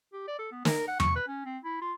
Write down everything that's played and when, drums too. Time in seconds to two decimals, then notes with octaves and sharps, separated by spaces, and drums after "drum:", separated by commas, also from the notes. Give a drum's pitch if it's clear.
0.13 G4
0.28 D5
0.39 A4
0.52 B3
0.65 A#4, drum: snare
0.88 F#5
1.00 C#6, drum: tom E2
1.16 B4
1.28 C#4
1.45 C4
1.64 E4
1.82 F4